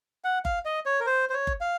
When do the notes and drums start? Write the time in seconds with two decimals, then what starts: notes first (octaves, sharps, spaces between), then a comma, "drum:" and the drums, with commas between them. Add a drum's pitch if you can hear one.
0.24 F#5
0.45 F5, drum: kick F#1
0.65 D#5
0.86 C#5
1.00 A#4
1.06 C5
1.30 C5
1.34 C#5
1.47 drum: kick F#1
1.61 F5